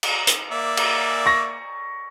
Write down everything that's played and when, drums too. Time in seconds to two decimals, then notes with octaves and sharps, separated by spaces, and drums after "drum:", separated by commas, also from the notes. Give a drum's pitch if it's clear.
0.03 drum: cymbal
0.27 drum: hi-hat
0.52 A#3 D5 E5
0.77 drum: cymbal
1.26 C#6 A#6